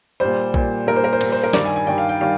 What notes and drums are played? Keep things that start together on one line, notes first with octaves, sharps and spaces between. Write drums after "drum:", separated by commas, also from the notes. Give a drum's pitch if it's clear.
A#2 G3 C5
A#2 G3, drum: kick A#1
A#2 G3 A#4
C5
A#4
C5
A#2 G3, drum: cymbal
C5
A#4
G2 D#3 G3 D5, drum: snare
G#5
G#5
G2 D#3 G3 G5
F5
G5
D#3 G3 F5